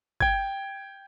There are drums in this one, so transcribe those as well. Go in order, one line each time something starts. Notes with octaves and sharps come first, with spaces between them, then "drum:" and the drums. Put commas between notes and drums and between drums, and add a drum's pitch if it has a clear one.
G5 G#6, drum: kick